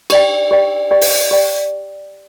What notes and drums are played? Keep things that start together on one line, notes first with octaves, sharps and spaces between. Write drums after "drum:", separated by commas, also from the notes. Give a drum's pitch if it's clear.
G4 D5 G5, drum: cymbal
G4 D5 G5
G4 D5 G5
drum: open hi-hat
G4 D5 G5